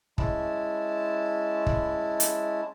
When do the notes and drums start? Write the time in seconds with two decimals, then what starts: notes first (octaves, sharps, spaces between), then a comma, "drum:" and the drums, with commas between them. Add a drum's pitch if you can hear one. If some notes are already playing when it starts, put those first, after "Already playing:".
0.18 G#3 C#4 E4 A5, drum: kick
1.66 drum: kick
2.20 drum: hi-hat